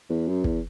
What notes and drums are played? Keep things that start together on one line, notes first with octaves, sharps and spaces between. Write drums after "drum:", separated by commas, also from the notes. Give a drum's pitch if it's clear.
E2
F#2
E2, drum: kick